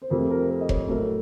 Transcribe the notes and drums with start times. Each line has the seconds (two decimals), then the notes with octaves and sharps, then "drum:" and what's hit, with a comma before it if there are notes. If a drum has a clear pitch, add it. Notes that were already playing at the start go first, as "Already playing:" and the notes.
0.02 C5
0.10 F2 C3 F3 A3 A#4
0.30 A#4
0.49 A#4
0.61 D#5
0.69 C#5, drum: kick F1
0.88 A2 F#3 A3 A#4